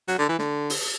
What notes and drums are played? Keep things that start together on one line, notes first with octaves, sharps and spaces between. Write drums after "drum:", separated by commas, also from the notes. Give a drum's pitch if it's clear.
F#3, drum: hi-hat
D3
E3
D3, drum: snare
drum: open hi-hat